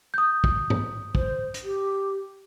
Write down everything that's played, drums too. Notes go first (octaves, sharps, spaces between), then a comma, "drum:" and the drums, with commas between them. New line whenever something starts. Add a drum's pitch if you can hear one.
D#6 G6
drum: kick
drum: tom G2
C5, drum: kick
drum: hi-hat
G4